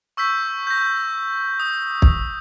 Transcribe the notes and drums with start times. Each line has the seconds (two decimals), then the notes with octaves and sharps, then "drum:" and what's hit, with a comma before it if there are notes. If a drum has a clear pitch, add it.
0.17 C#6 E6 G6 B6
0.67 G6 A#6
1.60 D#6
2.02 drum: kick